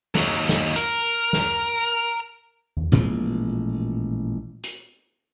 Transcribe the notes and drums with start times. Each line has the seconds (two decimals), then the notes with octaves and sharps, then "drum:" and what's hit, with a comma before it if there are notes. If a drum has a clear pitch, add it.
0.15 D#2 F#3, drum: snare
0.49 drum: snare
0.76 A#4, drum: hi-hat
1.33 drum: snare
2.77 drum: tom E2
2.92 A1 A#2 F3 G#3
4.64 drum: hi-hat